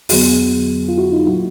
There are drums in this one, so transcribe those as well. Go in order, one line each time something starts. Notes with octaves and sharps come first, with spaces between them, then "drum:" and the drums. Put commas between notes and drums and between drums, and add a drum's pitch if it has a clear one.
F2 D3 F#3 B3 F#4 G#4, drum: open hi-hat
F4
E4 F#4
D#4 F4
A#2 F#3 A#3 E4 F#4